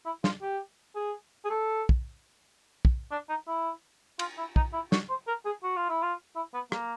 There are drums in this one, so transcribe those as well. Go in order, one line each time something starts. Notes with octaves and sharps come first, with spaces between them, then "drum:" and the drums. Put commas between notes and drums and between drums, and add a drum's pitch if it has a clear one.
E4
F4, drum: snare
G4
G#4
G#4
A4
drum: kick
drum: kick
D4
D#4
E4
F4, drum: cymbal
E4
D#4, drum: kick
E4
F#4, drum: snare
C5
A#4
G#4
F#4
F4
E4
F4
E4
B3
A#3, drum: rim click